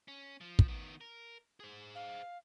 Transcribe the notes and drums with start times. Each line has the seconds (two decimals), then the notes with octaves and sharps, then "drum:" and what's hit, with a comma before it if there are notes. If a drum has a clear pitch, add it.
0.08 C#4
0.41 F3
0.59 drum: kick
0.68 D#3 B3
1.01 A#4
1.60 G#4 C5
1.95 F5